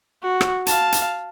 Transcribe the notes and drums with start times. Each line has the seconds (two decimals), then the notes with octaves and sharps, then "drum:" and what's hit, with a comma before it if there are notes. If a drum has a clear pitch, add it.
0.22 F#4
0.41 drum: rim click
0.67 F5 A5, drum: hi-hat
0.92 drum: hi-hat